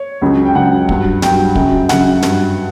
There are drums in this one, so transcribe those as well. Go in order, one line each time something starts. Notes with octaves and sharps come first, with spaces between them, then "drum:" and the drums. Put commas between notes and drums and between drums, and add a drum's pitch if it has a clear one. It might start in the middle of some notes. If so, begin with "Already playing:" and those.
Already playing: C#5
C#2 C#3 F#3
G5
C#2 C#3 F#3 F#5
G2 F#3, drum: kick
G2 F#3 G5, drum: snare
F#2 C#3 F#3, drum: kick
F#2 C#3 F#3 F#5, drum: snare
G2 F#3, drum: snare